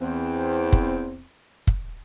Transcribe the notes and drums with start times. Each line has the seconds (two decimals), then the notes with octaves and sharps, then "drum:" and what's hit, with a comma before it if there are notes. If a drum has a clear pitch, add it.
0.01 E2 C4
0.72 drum: kick
1.67 drum: kick